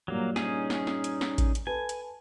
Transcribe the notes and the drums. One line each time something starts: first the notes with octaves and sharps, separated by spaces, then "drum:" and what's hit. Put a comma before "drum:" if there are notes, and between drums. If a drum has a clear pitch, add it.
G2 A#2 F#3 A#3
C#4 D#4 G#4, drum: snare
drum: snare
drum: snare
drum: hi-hat
drum: snare
drum: kick A1, hi-hat
drum: hi-hat
A4 B4 G#5 A5
drum: hi-hat